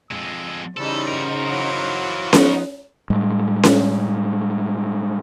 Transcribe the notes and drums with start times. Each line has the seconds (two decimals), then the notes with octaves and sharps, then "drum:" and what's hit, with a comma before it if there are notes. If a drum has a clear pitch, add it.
0.11 F2 G#3 E6
0.77 C#3 E3 G3 D#4 A4 C5
1.08 F#4 A#4
1.46 E3 F#3 F5
2.33 F3 B3 D#4, drum: snare C#4
3.10 A2 G3 G#3
3.63 drum: snare C#4